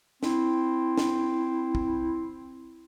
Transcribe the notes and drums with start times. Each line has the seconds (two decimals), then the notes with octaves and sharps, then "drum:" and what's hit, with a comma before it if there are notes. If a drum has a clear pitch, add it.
0.23 C4 E4, drum: snare
0.98 drum: snare
1.75 drum: kick